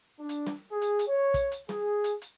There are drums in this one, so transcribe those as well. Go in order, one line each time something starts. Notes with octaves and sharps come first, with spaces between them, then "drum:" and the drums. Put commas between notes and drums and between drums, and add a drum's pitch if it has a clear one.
D4
drum: hi-hat
drum: snare
G#4
drum: hi-hat
drum: hi-hat
C#5
drum: kick, hi-hat
drum: hi-hat
G#4, drum: snare
drum: hi-hat
drum: hi-hat